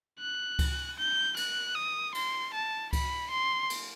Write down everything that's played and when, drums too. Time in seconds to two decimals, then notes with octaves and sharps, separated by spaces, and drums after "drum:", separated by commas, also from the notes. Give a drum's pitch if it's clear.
0.19 F#6
0.59 drum: kick C#2, cymbal
0.98 G6
1.37 F#6, drum: cymbal
1.75 D#6
2.15 C6, drum: cymbal
2.54 A5
2.93 B5, drum: kick C#2, cymbal
3.30 C6
3.70 drum: cymbal